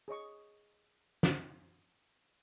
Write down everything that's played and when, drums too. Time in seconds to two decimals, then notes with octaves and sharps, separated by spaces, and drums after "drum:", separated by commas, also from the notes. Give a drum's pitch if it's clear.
0.08 G#4 C#5 D#5 C#6
1.23 drum: snare